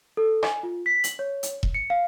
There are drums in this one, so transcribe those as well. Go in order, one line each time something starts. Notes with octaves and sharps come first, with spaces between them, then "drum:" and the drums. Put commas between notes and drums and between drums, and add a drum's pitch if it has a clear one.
A4
G#5, drum: rim click
F4
B6
F#7, drum: hi-hat
C#5
drum: hi-hat
drum: kick E1
C#7
F5